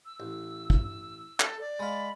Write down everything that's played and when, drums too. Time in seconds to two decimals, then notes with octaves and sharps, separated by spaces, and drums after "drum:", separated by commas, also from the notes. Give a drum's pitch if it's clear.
0.06 E6
0.20 A1
0.70 drum: kick
1.40 A4, drum: clap
1.61 D5
1.80 G#3 F5 B5